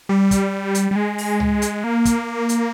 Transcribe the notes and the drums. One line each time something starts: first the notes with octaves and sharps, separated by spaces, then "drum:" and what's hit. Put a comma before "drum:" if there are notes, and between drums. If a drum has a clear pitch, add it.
G3
drum: kick, hi-hat
drum: hi-hat
G3
G#3
drum: open hi-hat
drum: tom C2
drum: hi-hat
A#3
drum: kick, hi-hat
drum: hi-hat